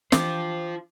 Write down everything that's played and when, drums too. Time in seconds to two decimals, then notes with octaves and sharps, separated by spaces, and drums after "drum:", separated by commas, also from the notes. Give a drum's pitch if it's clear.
0.12 E3 D4 F4 G4 C5, drum: snare